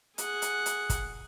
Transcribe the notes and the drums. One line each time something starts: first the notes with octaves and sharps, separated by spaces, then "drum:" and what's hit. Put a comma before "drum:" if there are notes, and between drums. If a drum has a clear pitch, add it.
G#4 F#5, drum: hi-hat
drum: hi-hat
drum: hi-hat
drum: kick, hi-hat